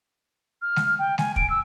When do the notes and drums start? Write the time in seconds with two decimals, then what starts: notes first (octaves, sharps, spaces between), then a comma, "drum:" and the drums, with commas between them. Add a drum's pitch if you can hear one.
0.62 F6
0.76 drum: snare G#3
0.99 G5
1.18 G#5, drum: snare G#3
1.36 D7, drum: kick
1.50 E6